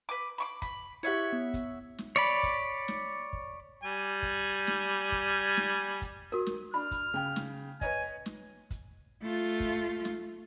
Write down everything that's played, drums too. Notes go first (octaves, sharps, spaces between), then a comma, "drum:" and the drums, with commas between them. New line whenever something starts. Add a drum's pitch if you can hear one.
B4 D6
B5 C#6 D6
B5, drum: kick, hi-hat
E4 G4 C#5 E5 F#5
B3
drum: kick, hi-hat
drum: snare
C#5 D5 B5
drum: kick, hi-hat
drum: snare
drum: kick
G3 G#5
drum: kick, hi-hat
drum: snare
drum: kick
drum: snare
drum: kick, hi-hat
F#4 A#4 D#6
drum: snare
D4 B5 F6
drum: kick, hi-hat
C#3 G5
drum: snare
B4 C#5 D#5 G#5, drum: kick, hi-hat
drum: snare
drum: kick, hi-hat
A3 F4
drum: kick, hi-hat
drum: snare